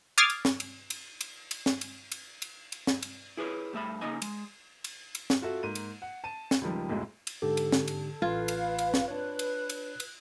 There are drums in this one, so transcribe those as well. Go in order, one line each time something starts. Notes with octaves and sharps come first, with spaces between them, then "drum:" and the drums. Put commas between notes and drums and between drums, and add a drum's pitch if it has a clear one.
D6 D#6 F6 G#6 A6 C7
drum: cymbal
drum: snare
drum: cymbal
drum: cymbal
drum: cymbal
drum: cymbal
drum: snare
drum: cymbal
drum: cymbal
drum: cymbal
drum: cymbal
drum: snare
drum: cymbal
E4 G#4 B4 C#5
G2 A3 E5 B5
C#3 A#3 D#4 D#5 G#5
G#3, drum: cymbal
drum: cymbal
drum: cymbal
drum: snare
F4 F#4 A4 E5
G#2 A#3 D#7
drum: cymbal
F#5
A5 D#7
drum: snare
C#2 D#3 F3 G3
B1 F2 A2 C3 G#3
drum: cymbal
G#2 D3 G4 A4
drum: cymbal
drum: snare
drum: cymbal
A1 F4 B4 F5 G#6
drum: cymbal
drum: cymbal
drum: snare
D4 B4 C#5 F#6
drum: cymbal
drum: cymbal
drum: cymbal